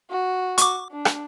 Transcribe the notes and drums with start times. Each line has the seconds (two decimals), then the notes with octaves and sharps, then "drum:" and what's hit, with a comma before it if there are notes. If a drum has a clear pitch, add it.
0.11 F#4
0.58 C#6 D6, drum: hi-hat
0.92 D4
1.05 drum: rim click